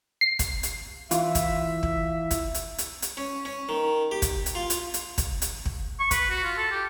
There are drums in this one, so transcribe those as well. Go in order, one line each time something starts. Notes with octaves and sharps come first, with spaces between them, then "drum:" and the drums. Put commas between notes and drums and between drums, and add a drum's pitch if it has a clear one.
C7
drum: kick, hi-hat
drum: hi-hat
E3 F4 E5, drum: hi-hat
drum: kick, hi-hat
drum: kick
drum: kick, hi-hat
drum: hi-hat
drum: hi-hat
drum: hi-hat
C#4
C#4
D#3
G4
drum: kick, hi-hat
drum: hi-hat
F4
drum: hi-hat
drum: hi-hat
drum: kick, hi-hat
drum: hi-hat
drum: kick
C#6
B4, drum: kick, hi-hat
F#4
F4
A4
G4